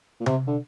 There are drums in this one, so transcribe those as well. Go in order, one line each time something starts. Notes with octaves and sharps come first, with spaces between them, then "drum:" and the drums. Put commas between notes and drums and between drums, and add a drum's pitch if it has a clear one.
A#2
C3, drum: tom C3
D3